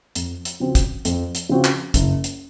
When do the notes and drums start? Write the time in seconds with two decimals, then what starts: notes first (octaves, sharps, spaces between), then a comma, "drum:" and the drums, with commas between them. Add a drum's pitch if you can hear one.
0.15 F2, drum: hi-hat
0.45 drum: hi-hat
0.60 C#3 F3 C4 F#4
0.75 drum: kick, hi-hat
1.05 F2, drum: hi-hat
1.35 drum: hi-hat
1.49 C#3 F3 C4 F#4
1.64 drum: clap
1.94 F#1, drum: kick, hi-hat
2.24 drum: hi-hat